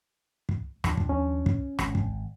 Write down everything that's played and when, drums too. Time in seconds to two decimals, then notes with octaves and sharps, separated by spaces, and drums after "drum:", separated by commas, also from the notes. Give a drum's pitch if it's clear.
0.49 drum: kick
0.84 D#2 F3 D4, drum: rim click
0.97 drum: kick
1.09 C#4
1.46 drum: kick
1.79 G#1, drum: rim click
1.95 drum: kick